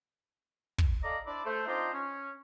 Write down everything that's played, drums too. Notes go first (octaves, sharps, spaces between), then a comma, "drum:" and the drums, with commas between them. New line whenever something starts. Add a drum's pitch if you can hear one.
drum: kick
A4 D5 D#5 F5 A#5
D4 E4 C5 D5
A3 C5
C4 D4 D#4 F4 C5 D#5
C#4